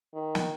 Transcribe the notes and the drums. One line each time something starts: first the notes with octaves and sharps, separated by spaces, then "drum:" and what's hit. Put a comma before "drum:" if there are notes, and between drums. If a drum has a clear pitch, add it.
D#3
drum: snare